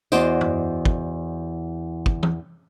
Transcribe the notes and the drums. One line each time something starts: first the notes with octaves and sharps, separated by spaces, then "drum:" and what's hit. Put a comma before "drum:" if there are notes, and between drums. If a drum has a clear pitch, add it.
E2 F#4 C5 D5 D#5, drum: tambourine
drum: tom
drum: kick
drum: kick
drum: tom E3